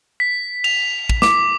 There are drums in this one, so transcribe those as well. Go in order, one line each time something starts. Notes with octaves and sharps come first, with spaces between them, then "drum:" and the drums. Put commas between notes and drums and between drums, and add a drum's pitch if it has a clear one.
B6
F7, drum: cymbal
drum: kick
D6, drum: snare